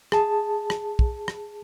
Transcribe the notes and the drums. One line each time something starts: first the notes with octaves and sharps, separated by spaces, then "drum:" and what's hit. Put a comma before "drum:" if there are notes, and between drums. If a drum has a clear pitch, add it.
G#4 A5, drum: rim click
drum: rim click
drum: kick
drum: rim click